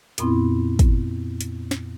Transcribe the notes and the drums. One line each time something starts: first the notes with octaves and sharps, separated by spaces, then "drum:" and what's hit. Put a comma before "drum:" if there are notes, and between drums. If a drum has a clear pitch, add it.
F2 A#2 B3 C4 E4, drum: hi-hat
drum: kick, hi-hat
drum: hi-hat
drum: snare